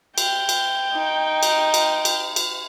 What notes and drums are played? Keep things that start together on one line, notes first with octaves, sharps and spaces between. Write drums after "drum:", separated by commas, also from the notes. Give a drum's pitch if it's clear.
G5, drum: cymbal
drum: cymbal
D#4
drum: cymbal
drum: cymbal
drum: cymbal
drum: cymbal